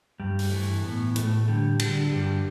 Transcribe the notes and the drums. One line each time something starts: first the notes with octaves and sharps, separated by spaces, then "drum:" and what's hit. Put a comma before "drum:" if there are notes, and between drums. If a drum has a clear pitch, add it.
G2 G3
drum: open hi-hat
E3 A3
A2 B3
A2 A3, drum: hi-hat
D3 G3
D3, drum: cymbal
G2 G3